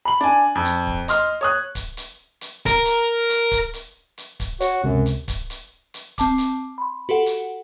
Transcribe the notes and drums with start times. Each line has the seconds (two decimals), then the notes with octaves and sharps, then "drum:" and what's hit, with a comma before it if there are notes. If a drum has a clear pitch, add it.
0.05 B5 F#7
0.21 D4 G#5
0.55 F2
0.65 drum: hi-hat
0.87 drum: kick
1.08 D#5 C6 F6, drum: hi-hat
1.41 C#5 D#6 F#6
1.75 drum: kick, hi-hat
1.97 drum: hi-hat
2.41 drum: hi-hat
2.66 A#4, drum: kick, hi-hat
2.85 drum: hi-hat
3.29 drum: hi-hat
3.51 drum: kick, hi-hat
3.74 drum: hi-hat
4.18 drum: hi-hat
4.40 drum: kick, hi-hat
4.61 F#4 C#5, drum: hi-hat
4.84 C#2 F#2 C3
5.06 drum: hi-hat
5.28 drum: kick, hi-hat
5.50 drum: hi-hat
5.94 drum: hi-hat
6.18 C4 A5 D6, drum: kick, hi-hat
6.38 drum: hi-hat
6.78 B5 C6
7.09 F#4 G4 A4 F#5
7.26 drum: hi-hat